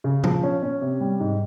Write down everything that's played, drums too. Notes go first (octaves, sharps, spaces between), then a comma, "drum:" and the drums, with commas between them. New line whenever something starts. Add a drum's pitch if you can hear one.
C#3
F3, drum: tom A#2
C#4
C#4
C3
G3
G#2